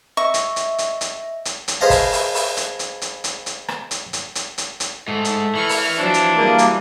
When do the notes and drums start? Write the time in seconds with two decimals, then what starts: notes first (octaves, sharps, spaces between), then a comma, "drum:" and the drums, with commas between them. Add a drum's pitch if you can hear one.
0.17 D#5 E5 C#6 A#6
0.34 drum: hi-hat
0.56 drum: hi-hat
0.78 drum: hi-hat
1.01 drum: hi-hat
1.45 drum: hi-hat
1.68 drum: hi-hat
1.81 G#4 B4 C5 D#5 F5 A5
1.90 drum: kick, open hi-hat
2.12 drum: open hi-hat
2.35 drum: open hi-hat
2.57 drum: hi-hat
2.79 drum: hi-hat
3.02 drum: hi-hat
3.24 drum: hi-hat
3.46 drum: hi-hat
3.68 drum: rim click
3.91 drum: hi-hat
4.13 drum: hi-hat
4.35 drum: hi-hat
4.58 drum: hi-hat
4.80 drum: hi-hat
5.08 G#2 A3
5.25 drum: hi-hat
5.55 E3 C#6 F6
5.69 drum: open hi-hat
5.99 F3 F#3 D4 C5
6.14 drum: hi-hat
6.36 F#3 G3 A#3 G#4
6.58 drum: hi-hat